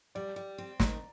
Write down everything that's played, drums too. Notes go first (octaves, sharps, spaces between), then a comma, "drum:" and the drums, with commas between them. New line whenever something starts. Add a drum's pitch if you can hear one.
G3 D5
G3
C4
D#3 A#5, drum: snare